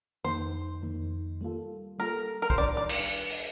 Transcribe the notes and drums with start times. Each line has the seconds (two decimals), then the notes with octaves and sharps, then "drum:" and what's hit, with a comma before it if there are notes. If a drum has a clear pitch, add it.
0.24 F2 D#3 A#3 D#4 C5
0.82 F2 D#3 A#3 D#4
1.41 G3 A#3 F4 A4
1.99 G3 A#3 F4 A4 A#4
2.42 A#4
2.50 C5, drum: kick
2.57 D#3 G3 D4 D5
2.77 D5
2.89 drum: cymbal
3.30 drum: open hi-hat